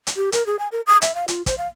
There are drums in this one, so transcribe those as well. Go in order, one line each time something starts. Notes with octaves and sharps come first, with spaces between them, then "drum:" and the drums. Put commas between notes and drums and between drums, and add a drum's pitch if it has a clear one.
drum: hi-hat
G4
A#4, drum: hi-hat
G#4
G#5
A#4
D#6
E5, drum: hi-hat
F5
F4, drum: hi-hat
C5, drum: kick, hi-hat
F5